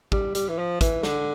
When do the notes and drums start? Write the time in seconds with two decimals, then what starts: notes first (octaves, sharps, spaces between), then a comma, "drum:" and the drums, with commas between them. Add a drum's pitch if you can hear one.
0.12 G3, drum: kick
0.35 G3, drum: hi-hat
0.49 E3
0.58 F3
0.81 E3, drum: kick, hi-hat
1.03 D3, drum: snare